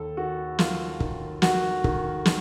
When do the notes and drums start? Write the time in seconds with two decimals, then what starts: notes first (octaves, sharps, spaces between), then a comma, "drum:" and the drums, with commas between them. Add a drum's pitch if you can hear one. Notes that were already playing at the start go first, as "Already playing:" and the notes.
Already playing: D#2 A4
0.17 D#3 F#4
0.59 D#3 F4, drum: snare
1.00 D#3, drum: kick
1.42 D#3 F#4, drum: snare
1.84 D#3, drum: kick
2.25 D#3, drum: snare